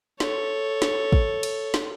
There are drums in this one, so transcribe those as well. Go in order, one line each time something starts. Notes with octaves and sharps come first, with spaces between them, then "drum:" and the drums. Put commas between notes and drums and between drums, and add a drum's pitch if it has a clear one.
A4 C#5, drum: snare
drum: snare
drum: kick
drum: cymbal
drum: snare